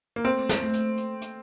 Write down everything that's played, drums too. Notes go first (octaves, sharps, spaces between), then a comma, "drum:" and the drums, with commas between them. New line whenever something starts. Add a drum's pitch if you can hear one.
A#3
A3 C4
A3, drum: snare
drum: hi-hat
drum: hi-hat
drum: hi-hat